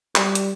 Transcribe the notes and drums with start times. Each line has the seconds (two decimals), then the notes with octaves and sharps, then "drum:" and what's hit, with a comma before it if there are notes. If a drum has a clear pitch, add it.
0.15 G3, drum: clap
0.35 drum: hi-hat